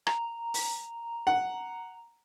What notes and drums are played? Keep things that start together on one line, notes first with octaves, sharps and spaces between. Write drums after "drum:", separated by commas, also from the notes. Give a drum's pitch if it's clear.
A#5, drum: rim click
drum: open hi-hat
F#5